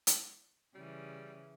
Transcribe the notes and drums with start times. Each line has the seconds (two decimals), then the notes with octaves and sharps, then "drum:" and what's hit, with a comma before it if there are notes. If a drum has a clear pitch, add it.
0.07 drum: hi-hat
0.75 C#3 E3 G3